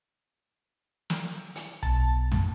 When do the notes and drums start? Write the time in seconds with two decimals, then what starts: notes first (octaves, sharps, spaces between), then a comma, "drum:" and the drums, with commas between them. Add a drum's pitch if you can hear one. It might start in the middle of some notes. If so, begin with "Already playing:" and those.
1.10 drum: snare
1.55 drum: hi-hat
1.83 B1 A5, drum: kick E1
2.32 drum: tom